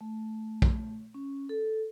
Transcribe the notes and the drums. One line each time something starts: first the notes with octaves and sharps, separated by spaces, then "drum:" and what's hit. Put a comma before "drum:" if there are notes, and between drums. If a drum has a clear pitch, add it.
A3
drum: kick
C#4
A4